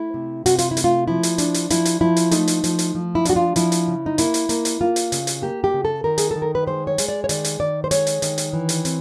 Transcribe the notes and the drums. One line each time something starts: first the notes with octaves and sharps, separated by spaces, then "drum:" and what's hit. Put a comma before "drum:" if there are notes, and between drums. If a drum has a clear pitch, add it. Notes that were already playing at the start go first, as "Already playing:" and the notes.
Already playing: A3 E4
C3
C3 F#4, drum: hi-hat
F4, drum: hi-hat
E4
A3, drum: hi-hat
F4
F3 E4
drum: hi-hat
D4, drum: hi-hat
drum: hi-hat
F3 E4, drum: hi-hat
drum: hi-hat
F3 E4
drum: hi-hat
A3 D#4, drum: hi-hat
drum: hi-hat
F3, drum: hi-hat
drum: hi-hat
F3
E4
D4 F#4, drum: hi-hat
F4
F3 E4, drum: hi-hat
drum: hi-hat
C#3
D#4
A#3 E4, drum: hi-hat
drum: hi-hat
A#3, drum: hi-hat
drum: hi-hat
A#3 F4
drum: hi-hat
C#3, drum: hi-hat
drum: hi-hat
A#3 G4
G4
C#3
A4
D#3 A#4
G#4, drum: hi-hat
D#3 A4
A#4
B4
G#3 C5
C#5
G#3, drum: hi-hat
D5
C#5
D#3 D5, drum: hi-hat
drum: hi-hat
D#3 D5
C5
G#3 C#5, drum: hi-hat
drum: hi-hat
D#3, drum: hi-hat
drum: hi-hat
E3
drum: hi-hat
C4, drum: hi-hat